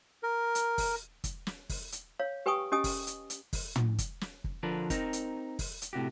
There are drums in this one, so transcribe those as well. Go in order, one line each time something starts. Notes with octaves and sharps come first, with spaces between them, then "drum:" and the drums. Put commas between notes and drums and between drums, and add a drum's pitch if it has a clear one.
A#4
drum: hi-hat
drum: kick, open hi-hat
drum: kick, hi-hat
drum: snare
drum: kick, open hi-hat
drum: hi-hat
C#5 F5
G4 B4 G5 G#5 C#6 D#6
C#4 G4 D#5 G#5 D#6
drum: kick, open hi-hat
drum: hi-hat
drum: hi-hat
drum: kick, open hi-hat
drum: tom
drum: kick, hi-hat
drum: snare
drum: kick
D3 F3 D4 A#4 B4
C4 D#4 A#4, drum: kick, hi-hat
drum: hi-hat
drum: kick, open hi-hat
drum: hi-hat
A2 C3 F#4 G4